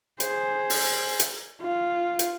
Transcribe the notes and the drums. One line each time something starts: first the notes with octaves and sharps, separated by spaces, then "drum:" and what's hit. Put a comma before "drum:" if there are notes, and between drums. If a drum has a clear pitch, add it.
G#4 C5, drum: hi-hat
drum: open hi-hat
drum: hi-hat
F4
drum: hi-hat